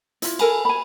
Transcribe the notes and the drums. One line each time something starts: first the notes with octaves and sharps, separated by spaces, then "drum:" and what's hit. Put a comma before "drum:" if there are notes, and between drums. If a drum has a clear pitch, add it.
E4 F4, drum: hi-hat
A4 A#4 G#5 B5, drum: cymbal
G#5 B5